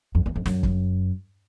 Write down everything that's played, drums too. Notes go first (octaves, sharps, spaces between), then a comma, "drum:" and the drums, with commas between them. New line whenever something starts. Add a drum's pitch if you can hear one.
F2
E2
F2
F#2, drum: snare
drum: kick